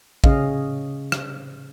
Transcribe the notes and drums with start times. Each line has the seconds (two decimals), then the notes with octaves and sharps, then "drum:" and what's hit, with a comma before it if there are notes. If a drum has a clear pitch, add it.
0.24 C#3 C#4 G#4 D#5 F5, drum: kick
1.12 drum: rim click